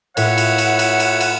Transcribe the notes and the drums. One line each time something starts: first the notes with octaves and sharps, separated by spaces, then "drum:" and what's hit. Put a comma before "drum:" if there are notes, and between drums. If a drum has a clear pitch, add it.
A2 F4 C#5 E5 F#5, drum: cymbal
drum: cymbal
drum: cymbal
drum: cymbal
drum: cymbal
drum: cymbal